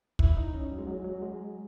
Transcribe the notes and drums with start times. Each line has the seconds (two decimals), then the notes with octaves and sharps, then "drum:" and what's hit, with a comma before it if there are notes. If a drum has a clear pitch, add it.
0.19 E4, drum: kick
0.37 D#4
0.54 C#4
0.71 F#3
0.79 G#3
0.87 F#3
0.96 G#3
1.04 F#3
1.22 G#3